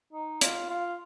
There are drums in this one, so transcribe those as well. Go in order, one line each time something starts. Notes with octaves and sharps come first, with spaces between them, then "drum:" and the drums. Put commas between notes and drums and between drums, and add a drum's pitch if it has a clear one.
D#4
F4, drum: hi-hat
F4